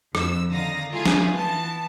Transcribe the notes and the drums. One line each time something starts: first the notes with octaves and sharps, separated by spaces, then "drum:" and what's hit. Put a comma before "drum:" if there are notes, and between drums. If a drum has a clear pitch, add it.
F2 E6, drum: rim click
D3 D#3 F5 A#5 D#6 A#6
G3 A3 E4 F4 G#4
drum: snare
E3 B3 A5